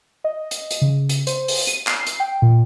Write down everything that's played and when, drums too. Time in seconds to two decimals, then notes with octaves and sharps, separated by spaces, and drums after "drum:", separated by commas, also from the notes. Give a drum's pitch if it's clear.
0.24 D#5
0.51 drum: hi-hat
0.71 drum: hi-hat
0.82 C#3
1.09 drum: hi-hat
1.27 C5, drum: hi-hat
1.48 drum: open hi-hat
1.67 D#7, drum: hi-hat
1.87 C7, drum: clap
2.07 drum: hi-hat
2.20 G5
2.42 A#2